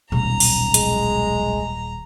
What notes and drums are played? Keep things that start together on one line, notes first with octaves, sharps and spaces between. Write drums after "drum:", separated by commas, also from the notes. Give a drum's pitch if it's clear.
D#1 B1 A#5
drum: open hi-hat
G#3, drum: hi-hat